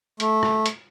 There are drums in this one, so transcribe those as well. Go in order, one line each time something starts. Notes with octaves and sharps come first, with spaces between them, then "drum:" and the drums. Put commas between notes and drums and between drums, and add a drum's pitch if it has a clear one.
A3, drum: hi-hat
drum: rim click
drum: hi-hat